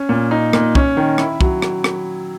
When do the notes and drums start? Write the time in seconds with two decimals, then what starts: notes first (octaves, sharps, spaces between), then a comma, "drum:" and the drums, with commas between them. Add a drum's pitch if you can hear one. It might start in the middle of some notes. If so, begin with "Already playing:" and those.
Already playing: C#4
0.09 A#2
0.31 D#4
0.53 A#2, drum: rim click
0.75 C#4, drum: kick
0.97 D#3
1.18 E4, drum: rim click
1.41 F#3, drum: kick
1.62 drum: rim click
1.84 drum: rim click